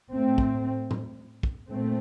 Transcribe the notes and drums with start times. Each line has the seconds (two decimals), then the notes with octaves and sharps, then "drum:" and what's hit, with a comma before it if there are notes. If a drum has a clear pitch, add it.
0.12 A2 A3 C4
0.38 drum: kick
0.91 drum: tom A2
1.43 drum: kick
1.69 A#2 A3 C4